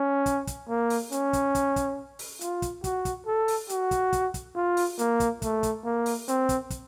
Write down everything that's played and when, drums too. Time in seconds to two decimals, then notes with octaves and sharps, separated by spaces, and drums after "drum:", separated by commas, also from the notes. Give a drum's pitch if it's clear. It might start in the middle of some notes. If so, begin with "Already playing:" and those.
Already playing: C#4
0.26 drum: kick, hi-hat
0.47 drum: kick, hi-hat
0.69 A#3
0.90 drum: open hi-hat
1.12 C#4, drum: hi-hat
1.33 drum: kick, hi-hat
1.55 drum: kick, hi-hat
1.76 drum: kick, hi-hat
2.19 drum: open hi-hat
2.41 F4, drum: hi-hat
2.62 drum: kick, hi-hat
2.84 F#4, drum: kick, hi-hat
3.05 drum: kick, hi-hat
3.26 A4
3.48 drum: open hi-hat
3.69 F#4, drum: hi-hat
3.91 drum: kick, hi-hat
4.13 drum: kick, hi-hat
4.34 drum: kick, hi-hat
4.56 F4
4.77 drum: open hi-hat
4.99 A#3, drum: hi-hat
5.20 drum: kick, hi-hat
5.42 A3, drum: kick, hi-hat
5.63 drum: kick, hi-hat
5.85 A#3
6.06 drum: open hi-hat
6.28 C4, drum: hi-hat
6.49 drum: kick, hi-hat
6.70 drum: kick, hi-hat